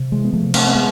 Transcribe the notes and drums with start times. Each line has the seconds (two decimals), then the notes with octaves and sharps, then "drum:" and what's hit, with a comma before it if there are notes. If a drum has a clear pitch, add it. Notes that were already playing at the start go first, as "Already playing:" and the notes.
Already playing: C3
0.12 E3 G#3
0.24 B3
0.33 C3 F3 A3
0.54 A3 C4, drum: cymbal
0.68 C4
0.75 G#3 B3